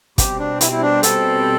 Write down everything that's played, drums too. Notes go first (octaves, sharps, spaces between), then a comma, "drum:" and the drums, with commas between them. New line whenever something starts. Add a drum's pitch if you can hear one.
B2 G3 C4 G4, drum: kick, hi-hat
D4
E4, drum: hi-hat
E4
D4
A4, drum: hi-hat